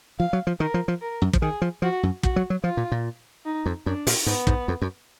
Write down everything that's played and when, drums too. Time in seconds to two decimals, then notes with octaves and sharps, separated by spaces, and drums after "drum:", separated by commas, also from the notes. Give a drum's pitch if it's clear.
0.19 F3 F5
0.33 F#3
0.47 F3
0.60 D#3 A#4
0.74 F3
0.88 F3
1.02 A#4
1.22 F#2
1.34 F3, drum: kick
1.42 D#3 G#4
1.62 F3
1.82 F3 F#4
2.03 F#2
2.23 F#4, drum: kick
2.36 F#3
2.50 F#3
2.64 F3 F4
2.77 A#2
2.92 A#2
3.45 D#4
3.66 F2
3.86 F#2 D4
4.07 A#2, drum: open hi-hat
4.26 G#2 B3
4.47 G#2, drum: kick
4.68 F2
4.82 F#2